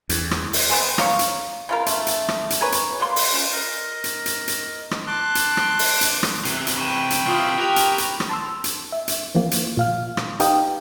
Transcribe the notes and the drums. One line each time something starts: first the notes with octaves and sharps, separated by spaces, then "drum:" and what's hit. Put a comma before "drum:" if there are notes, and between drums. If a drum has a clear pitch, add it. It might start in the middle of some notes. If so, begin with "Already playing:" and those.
E2, drum: hi-hat
drum: rim click
drum: open hi-hat
B3 C4 G#4
C#5 F5 A#5, drum: rim click
drum: hi-hat
C#3 F4 A#4
A3, drum: hi-hat
drum: hi-hat
drum: rim click
drum: hi-hat
G#4 A#4 B4 C#5
drum: hi-hat
F#3 G3 A#3 C6
drum: open hi-hat
C#4 F4
A#4 D#5
drum: hi-hat
drum: hi-hat
drum: hi-hat
drum: rim click
A5 C6 D6 F#6
drum: hi-hat
drum: rim click
drum: open hi-hat
drum: hi-hat
drum: rim click
C3 E3, drum: hi-hat
drum: hi-hat
G5 B5 C#6 D#7 E7
drum: hi-hat
C3 E3 F4 C#6 D#6
G4 A#4 F#6 F7
drum: hi-hat
drum: hi-hat
drum: rim click
A5 C6 E6
drum: hi-hat
E5
drum: hi-hat
E3 F3 A#3
drum: hi-hat
A#2 F5 F6
drum: rim click
D#4 G4 B4 F5 G5 D#6, drum: hi-hat